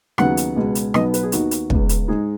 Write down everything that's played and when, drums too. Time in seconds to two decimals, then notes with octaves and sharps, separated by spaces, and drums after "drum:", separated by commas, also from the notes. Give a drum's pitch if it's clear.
0.18 D#2 C#3 F#3 B3 D#4 F#5, drum: rim click
0.37 drum: hi-hat
0.56 C#2 B2 G#3
0.75 drum: hi-hat
0.94 B1 B2 B3 D#4 D#5, drum: rim click
1.14 B4, drum: hi-hat
1.23 G#4
1.32 D#2 D#3 B3 D#4 F#4, drum: hi-hat
1.51 drum: hi-hat
1.70 C#2 C#3 B3, drum: kick
1.89 drum: hi-hat
2.08 G#2 G#3 D#4 G#4